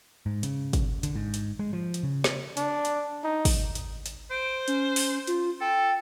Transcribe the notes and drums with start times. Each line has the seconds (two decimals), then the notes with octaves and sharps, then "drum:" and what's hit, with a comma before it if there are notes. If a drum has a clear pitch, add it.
0.26 G#2
0.43 C#3, drum: hi-hat
0.73 drum: kick, hi-hat
1.03 D3, drum: hi-hat
1.15 G#2
1.34 drum: hi-hat
1.59 G#3
1.73 F3
1.94 drum: hi-hat
2.03 C#3
2.24 drum: snare
2.57 D4, drum: hi-hat
2.85 drum: hi-hat
3.24 D#4
3.45 drum: kick, open hi-hat
3.75 drum: hi-hat
4.06 drum: hi-hat
4.31 C5 D7
4.68 C#4, drum: hi-hat
4.96 drum: open hi-hat
5.27 F4, drum: hi-hat
5.61 A4 G5